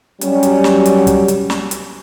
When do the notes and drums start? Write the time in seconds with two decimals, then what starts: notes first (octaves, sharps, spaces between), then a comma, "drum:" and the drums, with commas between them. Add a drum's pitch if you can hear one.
0.21 F#3 G3 C#4, drum: hi-hat
0.43 drum: hi-hat
0.64 drum: snare
0.86 drum: hi-hat
1.07 drum: kick, hi-hat
1.28 drum: hi-hat
1.50 drum: snare
1.71 drum: hi-hat